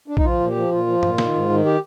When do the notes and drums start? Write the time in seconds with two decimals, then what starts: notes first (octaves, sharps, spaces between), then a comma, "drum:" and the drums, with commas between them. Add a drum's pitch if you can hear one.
0.08 D4
0.17 D#4, drum: kick A#1
0.24 F3 F4
0.40 A#2
0.49 G4
0.56 F3
0.71 A#2 F4
0.87 F3
1.03 A#2, drum: tom
1.18 D#3, drum: snare
1.34 G#2
1.50 D#3
1.65 G4